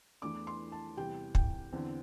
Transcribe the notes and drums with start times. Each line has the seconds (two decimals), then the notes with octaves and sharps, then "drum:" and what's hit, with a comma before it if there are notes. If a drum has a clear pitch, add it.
0.22 E2 E3 A3 D4 D6
0.47 C6
0.72 A5
0.97 E2 C3 G3 G5
1.35 G5, drum: kick
1.73 E2 D3 C4